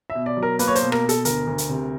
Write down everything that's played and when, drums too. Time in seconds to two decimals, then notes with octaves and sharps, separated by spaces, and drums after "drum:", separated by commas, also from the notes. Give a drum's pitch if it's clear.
0.10 E5
0.15 B2
0.26 D5
0.37 F#3
0.43 A#4
0.59 A#3 B4, drum: hi-hat
0.68 C#5
0.75 C5, drum: hi-hat
0.82 B2
0.92 A#4, drum: rim click
1.04 B2
1.09 A4, drum: hi-hat
1.25 D2 A#4, drum: hi-hat
1.47 D2
1.58 drum: hi-hat
1.69 C3